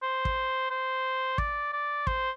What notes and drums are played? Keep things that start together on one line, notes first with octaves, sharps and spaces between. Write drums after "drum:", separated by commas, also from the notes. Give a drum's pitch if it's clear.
C5
drum: kick
C5
D5, drum: kick
D5
C5, drum: kick